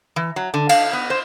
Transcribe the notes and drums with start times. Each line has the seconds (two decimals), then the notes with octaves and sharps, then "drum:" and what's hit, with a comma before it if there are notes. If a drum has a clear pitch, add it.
0.16 E3
0.36 F#3
0.54 D3
0.69 F5, drum: cymbal
0.93 B3
1.10 C5